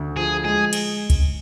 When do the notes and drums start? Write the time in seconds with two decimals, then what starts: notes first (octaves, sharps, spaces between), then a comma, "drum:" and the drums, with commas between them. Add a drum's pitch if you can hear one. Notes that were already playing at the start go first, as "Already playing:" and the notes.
Already playing: D2
0.17 F3 G#4
0.44 G#3 G#4
0.73 drum: cymbal
1.10 drum: kick C#2, cymbal